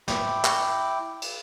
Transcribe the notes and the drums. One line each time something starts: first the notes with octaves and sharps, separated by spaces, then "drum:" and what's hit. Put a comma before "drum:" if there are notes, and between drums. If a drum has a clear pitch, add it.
E4 G5 D6, drum: snare
drum: clap
drum: cymbal